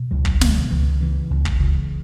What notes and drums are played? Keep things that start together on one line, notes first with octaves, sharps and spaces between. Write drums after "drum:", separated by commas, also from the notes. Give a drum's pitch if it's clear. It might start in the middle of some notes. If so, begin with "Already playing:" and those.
Already playing: B2
C#2 F#3
drum: kick
B2 D3, drum: snare
C#2 E3
C#3 E3
C#2
drum: kick
C#3